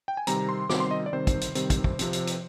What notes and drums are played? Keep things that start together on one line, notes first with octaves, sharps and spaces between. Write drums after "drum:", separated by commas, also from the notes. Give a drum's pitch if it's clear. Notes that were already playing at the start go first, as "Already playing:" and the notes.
G5
G#5
C3 D#3 G3 C4 A#5, drum: hi-hat
C6
C3 D#3 G3 C4 D6, drum: snare
C6
D#5
D5
C3 D#3 G3 C4 C5
drum: kick, hi-hat
drum: hi-hat
C3 D#3 G3 C4, drum: hi-hat
drum: kick, hi-hat
drum: kick
C3 F3 C4, drum: hi-hat
drum: hi-hat
drum: hi-hat